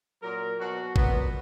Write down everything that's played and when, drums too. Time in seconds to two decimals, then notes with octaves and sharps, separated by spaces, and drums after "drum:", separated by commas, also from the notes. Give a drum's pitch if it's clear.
0.21 A#2 F#3 A#4
0.59 B2 F#3 F#4
0.96 A#2 F#3 B3, drum: kick G#1